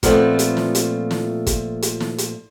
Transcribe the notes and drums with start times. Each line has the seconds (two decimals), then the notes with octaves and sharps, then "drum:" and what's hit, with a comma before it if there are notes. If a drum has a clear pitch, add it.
0.03 A#2 F3 A3 B3 C4, drum: kick, hi-hat
0.39 drum: hi-hat
0.57 drum: snare
0.75 drum: hi-hat
1.11 drum: snare
1.47 drum: kick, hi-hat
1.82 drum: hi-hat
2.00 drum: snare
2.18 drum: hi-hat